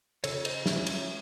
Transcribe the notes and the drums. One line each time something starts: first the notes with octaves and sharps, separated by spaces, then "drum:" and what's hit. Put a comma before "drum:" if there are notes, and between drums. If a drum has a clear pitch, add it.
C#3 A4 C#5, drum: cymbal
C5 D#5, drum: cymbal
G#3 C#4 E4 C#5 E5, drum: snare
C#5 E5, drum: cymbal